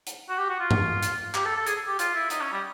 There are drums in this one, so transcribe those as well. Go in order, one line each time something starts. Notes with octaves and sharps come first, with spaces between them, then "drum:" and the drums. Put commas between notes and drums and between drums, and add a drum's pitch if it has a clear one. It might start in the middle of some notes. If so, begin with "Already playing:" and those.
drum: hi-hat
F#4
G4
F#4
F4
drum: tom G2
drum: hi-hat
G4, drum: clap
A4
A4
G#4, drum: hi-hat
G4
F4, drum: hi-hat
E4
D#4, drum: hi-hat
C#4
G3